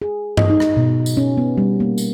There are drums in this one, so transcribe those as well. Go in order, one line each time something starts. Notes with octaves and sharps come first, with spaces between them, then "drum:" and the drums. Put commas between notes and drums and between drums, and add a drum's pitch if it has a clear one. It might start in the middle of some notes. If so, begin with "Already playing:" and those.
G#4
D#5, drum: tom G2
D#4
drum: rim click
B2
drum: tambourine
C#4
B3
G3
A#3
drum: tambourine